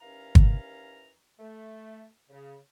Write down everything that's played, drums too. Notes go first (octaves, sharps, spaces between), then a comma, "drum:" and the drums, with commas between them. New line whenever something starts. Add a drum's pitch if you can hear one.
D#2 E3 C#4 F5 A#5
drum: kick
A3
C#3